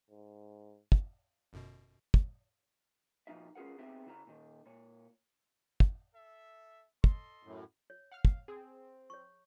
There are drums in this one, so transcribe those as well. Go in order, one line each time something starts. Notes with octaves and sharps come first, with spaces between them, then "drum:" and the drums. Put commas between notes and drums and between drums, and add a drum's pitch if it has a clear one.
G#2
drum: kick
G1 F#2 B2
drum: kick
A#2 F3 D#4 F4 E5
C#4 F4 G#4 A#4 F#5
B3 C4 D#4 G4 G#4 E5
C#3 E4 A#5
A#2 D#3
A#2 C#5
drum: kick
A4 E5
A4 D#5 C6, drum: kick
F#2 A2
C#5
F5 F#5 F6
drum: kick
C4 G#4
C#5 C#6